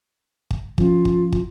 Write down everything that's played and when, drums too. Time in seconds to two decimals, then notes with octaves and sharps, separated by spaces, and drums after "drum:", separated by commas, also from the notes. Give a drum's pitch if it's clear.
0.51 drum: kick
0.78 F3 C#4 F4, drum: kick
1.05 drum: kick
1.32 drum: kick